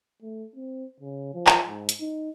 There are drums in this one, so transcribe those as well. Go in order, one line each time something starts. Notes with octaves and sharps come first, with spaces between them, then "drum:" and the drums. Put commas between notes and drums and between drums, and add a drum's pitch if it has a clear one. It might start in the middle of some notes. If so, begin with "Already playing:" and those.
A3
C4
C#3
F3
drum: clap
G#2
drum: hi-hat
D#4